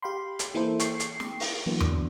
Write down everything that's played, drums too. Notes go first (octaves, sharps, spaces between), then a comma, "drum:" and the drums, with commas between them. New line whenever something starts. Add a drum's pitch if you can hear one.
G4 F5 G5 B5 C6
drum: hi-hat
E3 A#3 E4 A4 C5
G5 C#6 C7, drum: hi-hat
drum: hi-hat
drum: snare
drum: open hi-hat
E3 F#3 A#3 B3 D4
drum: tom E2